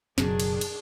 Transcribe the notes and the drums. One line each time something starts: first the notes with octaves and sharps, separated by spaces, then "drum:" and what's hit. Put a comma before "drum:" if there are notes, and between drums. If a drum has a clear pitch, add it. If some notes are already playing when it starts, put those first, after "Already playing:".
F#1 B2 D#3 F#3 D4 G#4, drum: snare
drum: cymbal
drum: cymbal